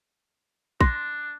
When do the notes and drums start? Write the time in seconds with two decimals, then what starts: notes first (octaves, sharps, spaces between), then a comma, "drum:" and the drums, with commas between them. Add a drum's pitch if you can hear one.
0.81 D4 C6 A#6, drum: kick